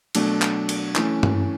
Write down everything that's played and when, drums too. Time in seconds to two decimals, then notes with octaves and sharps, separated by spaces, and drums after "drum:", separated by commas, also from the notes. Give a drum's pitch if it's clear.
0.15 B2 F#3 A3 D4, drum: cymbal
0.42 drum: clap
0.69 drum: cymbal
0.96 E3 A3 C#4, drum: clap
1.23 drum: tom G2